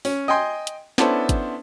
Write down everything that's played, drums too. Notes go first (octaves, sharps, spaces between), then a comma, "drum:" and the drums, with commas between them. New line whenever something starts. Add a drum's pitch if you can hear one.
C#4, drum: open hi-hat
D#5 G5 G#5 C6
drum: hi-hat
B3 C#4 D4 E4 A4 C5, drum: snare
drum: kick, hi-hat